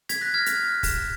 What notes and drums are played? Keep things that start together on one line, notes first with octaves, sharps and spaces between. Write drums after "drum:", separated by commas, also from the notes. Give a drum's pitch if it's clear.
G#6 B6, drum: hi-hat
F#6 A#6
F6 G#6
drum: hi-hat
drum: kick, open hi-hat